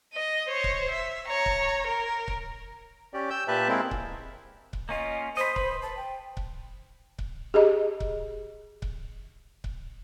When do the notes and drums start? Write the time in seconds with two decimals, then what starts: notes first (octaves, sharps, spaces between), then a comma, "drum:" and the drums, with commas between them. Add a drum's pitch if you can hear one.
0.13 D#5
0.49 C5 C#5
0.64 drum: kick C#1
0.91 E5
1.27 C#5 A#5
1.46 drum: kick C#1
1.87 A#4
2.28 drum: kick C#1
3.14 C#4 G4 D5
3.30 G5 E6 G6
3.48 A#2 G4 B4 E5 A5 F#6
3.69 G#3 A#3 C4 E4
3.91 drum: kick C#1
4.73 drum: kick C#1
4.89 A#3 C#4 F4 D#5
5.37 C5 D#5 B5
5.56 B4 B5, drum: kick C#1
5.82 A5
5.96 G5
6.37 drum: kick C#1
7.19 drum: kick C#1
7.54 G4 G#4 D#5
8.00 drum: kick C#1
8.82 drum: kick C#1
9.64 drum: kick C#1